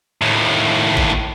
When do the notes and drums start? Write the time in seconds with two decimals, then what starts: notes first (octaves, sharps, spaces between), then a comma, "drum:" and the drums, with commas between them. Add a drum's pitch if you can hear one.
0.22 D#2 A2
0.97 drum: kick A1